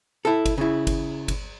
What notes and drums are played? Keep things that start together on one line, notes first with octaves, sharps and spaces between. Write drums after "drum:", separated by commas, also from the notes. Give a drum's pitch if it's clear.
E4 A4
drum: kick G1, cymbal
C#3 E4
drum: kick G1, cymbal
drum: kick G1, cymbal